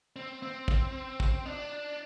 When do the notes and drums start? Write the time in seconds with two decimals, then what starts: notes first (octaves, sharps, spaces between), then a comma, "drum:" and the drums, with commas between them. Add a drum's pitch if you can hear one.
0.16 C4
0.42 C4
0.68 drum: kick
1.20 drum: kick
1.45 D4